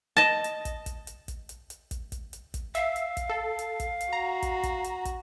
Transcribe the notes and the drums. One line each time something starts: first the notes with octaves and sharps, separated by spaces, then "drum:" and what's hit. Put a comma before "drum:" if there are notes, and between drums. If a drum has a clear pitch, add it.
D#5 A5
drum: hi-hat
drum: kick, hi-hat
drum: kick, hi-hat
drum: hi-hat
drum: kick, hi-hat
drum: hi-hat
drum: hi-hat
drum: kick, hi-hat
drum: kick, hi-hat
drum: hi-hat
drum: kick, hi-hat
E5 F5, drum: hi-hat
drum: hi-hat
drum: kick, hi-hat
A4
drum: hi-hat
drum: kick, hi-hat
drum: hi-hat
F#4 A#5
drum: kick, hi-hat
drum: kick, hi-hat
drum: hi-hat
drum: kick, hi-hat